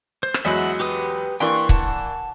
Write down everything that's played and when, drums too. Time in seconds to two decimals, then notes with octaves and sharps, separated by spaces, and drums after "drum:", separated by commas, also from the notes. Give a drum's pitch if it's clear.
0.23 C5
0.34 drum: rim click
0.45 E2 F#3 G#3 E5 F#5
0.80 G4 B4 D#6
1.40 E3 A#3 D4 G5 C6 C#6
1.69 F#5 A5, drum: kick C#1